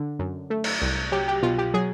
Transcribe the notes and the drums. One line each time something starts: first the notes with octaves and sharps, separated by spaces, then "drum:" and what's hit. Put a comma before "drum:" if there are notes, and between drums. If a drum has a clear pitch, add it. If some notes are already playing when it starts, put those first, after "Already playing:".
Already playing: D3
F#2
A3
drum: cymbal
C2
F#3 G4
G4
B2 F4
G4
F#3 G#4